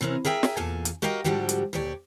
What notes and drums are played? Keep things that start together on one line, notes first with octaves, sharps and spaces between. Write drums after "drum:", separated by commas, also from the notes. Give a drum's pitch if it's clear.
C3 E3 C4 C#4 A#4
G#4 A#4 E5 G5 G#5
drum: snare
E2 A#2 A4 F5 G#5 A5
drum: hi-hat
F#4 G4 A#4 D#5 F5 G5
G#2 D3 F3 G3 F#4 G4
drum: hi-hat
D2 A#2 G4 C#5 D5